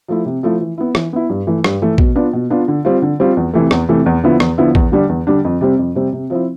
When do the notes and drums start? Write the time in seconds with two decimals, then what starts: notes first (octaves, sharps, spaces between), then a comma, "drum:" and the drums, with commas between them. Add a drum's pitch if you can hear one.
0.08 F3 A3 E4
0.25 C3
0.43 F3 A3 E4
0.61 E3
0.78 B3 E4
0.95 E3, drum: rim click
1.13 B3 E4
1.29 G2
1.47 E3 A3
1.64 G2, drum: rim click
1.82 E3 A3
1.98 B2, drum: kick
2.15 B3 D4 F4
2.33 B2
2.50 B3 D4 F4
2.68 D3
2.85 G3 C4 F4
3.02 D3
3.20 G3 C4 F4
3.37 E2
3.53 C3 E3 A3
3.71 E2, drum: rim click
3.89 C3 E3 A3
4.06 E2
4.23 D3 F3 B3 E4
4.40 E2, drum: rim click
4.58 D3 F3 B3 E4
4.75 E2, drum: kick
4.92 D3 G3 D4
5.09 E2
5.27 D3 G3 D4
5.45 F2
5.61 C3 G3 C4
5.79 F2
5.95 C3 G3 C4
6.13 C3
6.30 F3 C4 E4